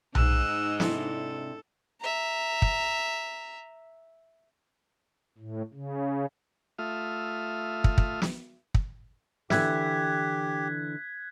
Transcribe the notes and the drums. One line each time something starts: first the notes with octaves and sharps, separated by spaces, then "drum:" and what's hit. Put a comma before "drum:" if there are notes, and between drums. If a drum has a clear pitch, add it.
G#2 G#3 D#4 E6 F#6, drum: tom B1
C3 D4 E4 A4, drum: snare
E5 A#5
drum: kick
A2
C#3
A3 F4 E5 D#6 F6
drum: kick
drum: kick
drum: snare
drum: kick
D3 E3 G4 E5 F#6 G#6 B6, drum: snare